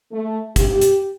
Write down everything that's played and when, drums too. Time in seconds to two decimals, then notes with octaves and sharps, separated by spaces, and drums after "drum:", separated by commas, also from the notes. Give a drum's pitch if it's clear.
0.12 A3
0.56 G4, drum: kick, hi-hat
0.81 drum: hi-hat